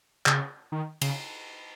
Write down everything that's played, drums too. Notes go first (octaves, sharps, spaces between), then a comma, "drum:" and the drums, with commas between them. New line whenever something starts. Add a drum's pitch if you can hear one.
C#3, drum: clap
D#3
C#3, drum: cymbal